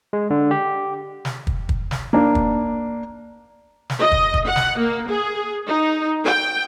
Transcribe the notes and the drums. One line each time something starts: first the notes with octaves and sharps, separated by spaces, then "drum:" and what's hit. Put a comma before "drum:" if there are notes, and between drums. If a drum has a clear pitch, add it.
G#3
D3
G4
drum: snare
drum: kick
drum: kick
drum: snare
A#3 D4
drum: kick
drum: snare
D#5
drum: kick
drum: kick
F#5
drum: snare
A#3
G#4
D#4
G5